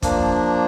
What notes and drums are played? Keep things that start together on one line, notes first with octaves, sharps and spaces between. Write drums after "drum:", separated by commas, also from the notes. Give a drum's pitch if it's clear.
F3 A#3 D4, drum: kick, hi-hat